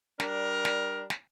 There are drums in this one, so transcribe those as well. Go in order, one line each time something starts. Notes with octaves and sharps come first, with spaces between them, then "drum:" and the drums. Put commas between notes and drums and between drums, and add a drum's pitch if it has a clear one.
G3 D4 A#4, drum: snare
drum: snare
drum: snare